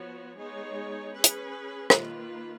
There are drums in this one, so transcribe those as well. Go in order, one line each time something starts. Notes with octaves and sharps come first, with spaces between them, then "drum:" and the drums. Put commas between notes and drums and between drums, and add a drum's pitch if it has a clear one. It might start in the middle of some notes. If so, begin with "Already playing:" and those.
Already playing: F3 B3 F#4 C#5
G#3 B3 D#4 G#4 C#5
C#4 G#4 B4
drum: hi-hat
D#3 A#3 F4 B4, drum: rim click